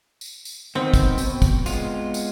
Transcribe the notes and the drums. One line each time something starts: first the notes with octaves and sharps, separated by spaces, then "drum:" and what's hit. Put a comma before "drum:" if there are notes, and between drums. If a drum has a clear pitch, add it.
drum: tambourine
drum: tambourine
D#3 B3 C4
drum: kick, tambourine
B2, drum: tambourine
drum: kick, tambourine
G#3 B3 F4, drum: tambourine
drum: tambourine